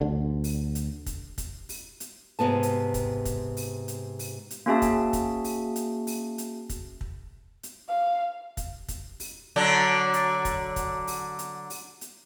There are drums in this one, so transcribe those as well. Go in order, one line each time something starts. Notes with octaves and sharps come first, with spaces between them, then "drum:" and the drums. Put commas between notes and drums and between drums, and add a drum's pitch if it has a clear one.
D2 D3
drum: open hi-hat
drum: hi-hat
drum: kick, hi-hat
drum: kick, hi-hat
drum: open hi-hat
drum: hi-hat
G#2 C3 B3 A5
drum: hi-hat
drum: kick, hi-hat
drum: kick, hi-hat
drum: open hi-hat
drum: hi-hat
drum: open hi-hat
drum: hi-hat
A#3 C#4 F#4 G#4 E5 A5
drum: kick, hi-hat
drum: kick, hi-hat
drum: open hi-hat
drum: hi-hat
drum: open hi-hat
drum: hi-hat
drum: kick, hi-hat
drum: kick
drum: hi-hat
F5
drum: kick, hi-hat
drum: kick, hi-hat
drum: open hi-hat
D3 F#3 D4
drum: hi-hat
drum: kick, hi-hat
drum: kick, hi-hat
drum: open hi-hat
drum: hi-hat
drum: open hi-hat
drum: hi-hat